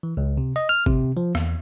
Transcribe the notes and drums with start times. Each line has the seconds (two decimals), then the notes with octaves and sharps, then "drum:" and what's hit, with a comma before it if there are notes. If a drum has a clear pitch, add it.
0.03 E3
0.17 C#2
0.37 C3
0.56 D#5
0.69 F6
0.86 C3, drum: kick
1.17 F3
1.35 E2, drum: rim click